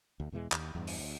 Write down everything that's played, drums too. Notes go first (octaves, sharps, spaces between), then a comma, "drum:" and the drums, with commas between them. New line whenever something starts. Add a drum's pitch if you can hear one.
D2
E2 B2 E3 G#3
D#2, drum: clap
E2 G2
drum: open hi-hat
D2